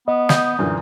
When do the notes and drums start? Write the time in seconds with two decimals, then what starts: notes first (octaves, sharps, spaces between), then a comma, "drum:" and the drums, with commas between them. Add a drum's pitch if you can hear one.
0.08 B3 D#5
0.29 D#6 G6, drum: snare
0.59 F#2 A#2 D3 E3